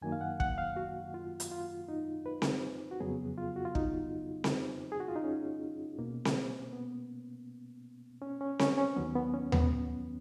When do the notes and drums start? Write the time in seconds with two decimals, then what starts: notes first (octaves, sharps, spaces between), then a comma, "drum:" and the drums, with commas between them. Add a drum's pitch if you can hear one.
0.02 F#2 D#3 F#3 A#3 G#5
0.12 F5
0.21 F#5
0.40 F#5, drum: kick
0.58 F5
0.76 F#4
1.14 F4
1.40 drum: hi-hat
1.52 F4
1.88 D#4
2.26 B4
2.42 drum: snare C4
2.91 F#4
3.00 F2 C#3 F#3 B3 G#4
3.38 F4
3.56 F#4
3.65 F4
3.75 D#4, drum: kick
4.44 drum: snare C4
4.92 G#4
5.00 F#4
5.08 F4
5.16 D#4
5.24 C#4
5.99 B2 A#3
6.25 drum: snare C4
6.73 B3
8.22 C#4
8.41 C#4
8.59 C#4, drum: snare C4
8.78 C#4
8.96 D#2 D#3 F#3 B3
9.15 B3
9.34 C#4
9.52 B3, drum: tom D#2